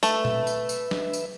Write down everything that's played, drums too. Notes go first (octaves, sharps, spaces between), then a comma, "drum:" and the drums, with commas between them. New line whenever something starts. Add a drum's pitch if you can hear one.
A3 B4 E5, drum: tambourine
drum: tom A#2
drum: tambourine
drum: tambourine
drum: snare
drum: tambourine